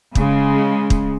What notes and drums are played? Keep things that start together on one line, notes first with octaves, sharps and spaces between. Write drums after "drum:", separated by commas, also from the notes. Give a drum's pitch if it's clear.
C#3 G#3, drum: kick
drum: kick